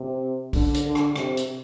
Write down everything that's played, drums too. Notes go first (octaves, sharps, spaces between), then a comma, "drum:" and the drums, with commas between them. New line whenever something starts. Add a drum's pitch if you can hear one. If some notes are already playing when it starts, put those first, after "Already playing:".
Already playing: C3
D3, drum: kick, open hi-hat
drum: hi-hat
D3
drum: rim click
C3, drum: rim click
drum: hi-hat